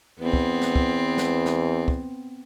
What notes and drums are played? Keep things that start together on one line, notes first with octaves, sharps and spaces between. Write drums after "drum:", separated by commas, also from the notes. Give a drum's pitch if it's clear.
E2 B3 C4
drum: kick
drum: snare
drum: kick
drum: snare
drum: snare
drum: kick